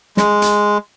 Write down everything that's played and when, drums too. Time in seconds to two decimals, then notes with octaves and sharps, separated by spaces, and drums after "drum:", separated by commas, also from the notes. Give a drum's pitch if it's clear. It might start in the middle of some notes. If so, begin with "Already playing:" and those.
0.17 G#3, drum: snare
0.42 drum: hi-hat